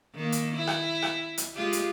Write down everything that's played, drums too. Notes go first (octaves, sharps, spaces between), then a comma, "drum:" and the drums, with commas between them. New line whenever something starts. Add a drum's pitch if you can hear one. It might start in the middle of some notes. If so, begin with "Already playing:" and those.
D#3 A#3
drum: hi-hat
E4
drum: rim click
drum: rim click
drum: hi-hat
G#3 F4 G4
drum: hi-hat